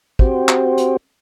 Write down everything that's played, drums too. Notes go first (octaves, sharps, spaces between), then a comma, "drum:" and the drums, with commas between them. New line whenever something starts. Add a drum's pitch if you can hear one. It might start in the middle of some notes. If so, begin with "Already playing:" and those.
C4 F#4 G4 C5, drum: kick
drum: clap
drum: hi-hat